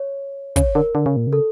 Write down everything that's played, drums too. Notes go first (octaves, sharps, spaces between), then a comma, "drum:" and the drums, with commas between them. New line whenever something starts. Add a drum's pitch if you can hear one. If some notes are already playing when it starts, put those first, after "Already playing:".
Already playing: C#5
C#3 C#5, drum: kick, hi-hat
D3 A#4
D3
C#3
A#2
C#3
A4